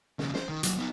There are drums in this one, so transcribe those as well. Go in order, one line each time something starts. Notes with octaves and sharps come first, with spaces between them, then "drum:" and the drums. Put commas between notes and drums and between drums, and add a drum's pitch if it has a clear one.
D#2 C#3, drum: snare
C5, drum: snare
D#3
D#2 F#3, drum: hi-hat
B3 D#4